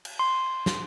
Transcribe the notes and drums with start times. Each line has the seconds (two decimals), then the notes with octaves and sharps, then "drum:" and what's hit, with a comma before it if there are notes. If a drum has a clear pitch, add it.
0.05 drum: cymbal
0.19 C6
0.66 drum: snare